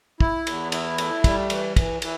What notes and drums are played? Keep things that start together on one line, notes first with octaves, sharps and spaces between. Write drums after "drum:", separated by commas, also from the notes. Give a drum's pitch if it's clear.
E4, drum: kick
E2, drum: cymbal
E4, drum: cymbal
A3, drum: cymbal
G3, drum: kick, cymbal
E3, drum: cymbal
E3, drum: kick, cymbal
E3, drum: cymbal